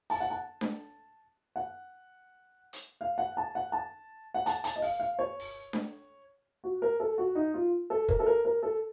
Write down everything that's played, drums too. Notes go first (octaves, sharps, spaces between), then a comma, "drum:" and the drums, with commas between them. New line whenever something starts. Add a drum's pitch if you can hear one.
A5, drum: open hi-hat
F#5
A5
drum: snare D4
F#5
drum: hi-hat
F5
F#5
A5
F#5
A5
F#5
A5, drum: hi-hat
A5, drum: hi-hat
D#5
F5, drum: open hi-hat
F5
C#5
drum: open hi-hat
drum: snare D4
F#4
A#4
A4
F#4
D#4
F4
A4
A#4, drum: kick
A4
A#4
A#4
A4